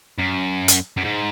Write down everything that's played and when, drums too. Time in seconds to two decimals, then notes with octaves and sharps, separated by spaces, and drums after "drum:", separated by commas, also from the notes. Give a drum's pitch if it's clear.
0.19 F#2
0.68 drum: hi-hat
0.97 F#2
1.04 G#2